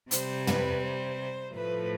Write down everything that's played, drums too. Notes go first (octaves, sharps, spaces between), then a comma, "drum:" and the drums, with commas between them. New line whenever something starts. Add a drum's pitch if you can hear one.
C3 G3 C5, drum: hi-hat
B4, drum: tom
C5
A2 F3 A3 B4